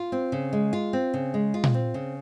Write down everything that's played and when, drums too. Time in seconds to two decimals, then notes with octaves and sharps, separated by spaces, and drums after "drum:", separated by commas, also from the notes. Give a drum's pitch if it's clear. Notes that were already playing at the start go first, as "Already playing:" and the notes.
Already playing: F4
0.12 C4
0.32 C#3
0.53 G#3
0.73 F4
0.93 C4
1.14 C#3
1.34 G#3
1.54 F4
1.64 drum: tom A#2
1.74 C4
1.94 C#3